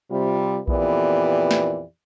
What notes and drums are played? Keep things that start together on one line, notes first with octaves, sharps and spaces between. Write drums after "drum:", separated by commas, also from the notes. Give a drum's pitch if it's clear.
C3 G3 F4
F2 A#2 E3 B3 G4 D5, drum: kick A#1
drum: snare